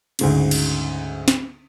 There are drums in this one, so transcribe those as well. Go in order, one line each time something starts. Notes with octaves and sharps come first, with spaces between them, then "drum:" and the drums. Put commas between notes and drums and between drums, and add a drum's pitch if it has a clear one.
D2 G#2 C#3, drum: cymbal
drum: cymbal
drum: snare